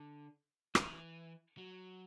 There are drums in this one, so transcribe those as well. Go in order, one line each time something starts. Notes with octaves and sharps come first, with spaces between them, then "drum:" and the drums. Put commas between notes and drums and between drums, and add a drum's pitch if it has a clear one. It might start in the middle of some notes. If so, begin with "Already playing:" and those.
Already playing: D3
E3, drum: rim click
F#3